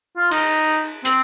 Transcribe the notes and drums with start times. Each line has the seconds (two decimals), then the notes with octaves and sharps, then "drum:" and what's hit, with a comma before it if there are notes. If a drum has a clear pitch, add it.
0.17 F4
0.31 D#4, drum: cymbal
1.05 C4, drum: hi-hat